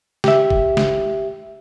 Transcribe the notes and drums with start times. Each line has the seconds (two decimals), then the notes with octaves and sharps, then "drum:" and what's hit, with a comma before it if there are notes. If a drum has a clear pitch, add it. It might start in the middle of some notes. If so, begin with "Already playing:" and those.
0.24 G4 E5, drum: snare
0.50 drum: kick
0.77 drum: snare